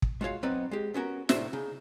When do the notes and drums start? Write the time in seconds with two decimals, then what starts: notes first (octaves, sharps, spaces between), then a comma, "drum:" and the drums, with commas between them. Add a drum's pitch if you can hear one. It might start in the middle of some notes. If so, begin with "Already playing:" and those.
0.02 drum: kick
0.21 G#3 F4 F#4 C#5 F5
0.43 F#3 B3 C4 D#4 B4 D5
0.71 G#3 G4
0.94 B3 C#4 F#4 A#4
1.29 C2 A2 D4 C5 E5, drum: snare
1.53 C#3 D#4